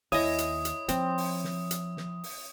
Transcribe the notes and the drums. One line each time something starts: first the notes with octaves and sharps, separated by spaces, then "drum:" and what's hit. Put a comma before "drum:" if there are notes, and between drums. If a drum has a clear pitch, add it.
D#2 E4 C#5 D#5 G#5 D#6, drum: open hi-hat
drum: hi-hat
drum: hi-hat
F3 C4, drum: hi-hat
drum: open hi-hat
drum: snare
drum: hi-hat
drum: snare
drum: open hi-hat